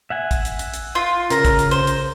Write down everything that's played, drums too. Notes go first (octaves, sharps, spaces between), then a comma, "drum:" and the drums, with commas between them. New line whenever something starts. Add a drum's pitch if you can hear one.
E5 F#5 G#5
drum: kick, hi-hat
drum: hi-hat
drum: hi-hat
drum: hi-hat
F4
C#3 A#4 A#5, drum: hi-hat
drum: kick, hi-hat
drum: hi-hat
C5, drum: hi-hat
drum: hi-hat